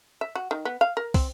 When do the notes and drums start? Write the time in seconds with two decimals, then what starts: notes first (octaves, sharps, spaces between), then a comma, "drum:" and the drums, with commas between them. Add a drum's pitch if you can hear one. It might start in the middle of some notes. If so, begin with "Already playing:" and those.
0.21 E5
0.35 F#4
0.51 D#3
0.65 B3
0.81 F5
0.97 A#4
1.14 C4, drum: kick, open hi-hat